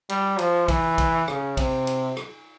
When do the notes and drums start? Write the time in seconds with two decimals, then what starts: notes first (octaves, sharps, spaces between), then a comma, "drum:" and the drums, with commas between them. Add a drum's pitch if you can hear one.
0.09 G3, drum: cymbal
0.39 F3, drum: cymbal
0.68 E3, drum: kick, cymbal
0.98 drum: kick, cymbal
1.28 C#3, drum: rim click
1.57 C3, drum: kick, cymbal
1.87 drum: cymbal
2.17 drum: rim click